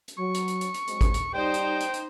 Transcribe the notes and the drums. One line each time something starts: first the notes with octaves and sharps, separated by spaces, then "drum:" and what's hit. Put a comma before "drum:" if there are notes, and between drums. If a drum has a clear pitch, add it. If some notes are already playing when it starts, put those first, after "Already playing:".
drum: hi-hat
F#3 C#6
drum: hi-hat
drum: hi-hat
drum: hi-hat
drum: hi-hat
F#3 G#3 C4, drum: hi-hat
drum: kick G#1, hi-hat
drum: hi-hat
G3 D#4 G4 C5 D5 G5
drum: hi-hat
drum: hi-hat
drum: hi-hat